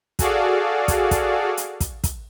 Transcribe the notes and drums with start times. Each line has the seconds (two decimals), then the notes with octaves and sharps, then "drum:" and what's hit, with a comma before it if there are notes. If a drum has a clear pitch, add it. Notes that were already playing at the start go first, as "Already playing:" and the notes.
0.19 F#4 G#4 A4 D5 F5, drum: kick, hi-hat
0.88 drum: kick, hi-hat
1.11 drum: kick, hi-hat
1.57 drum: hi-hat
1.80 drum: kick, hi-hat
2.04 drum: kick, hi-hat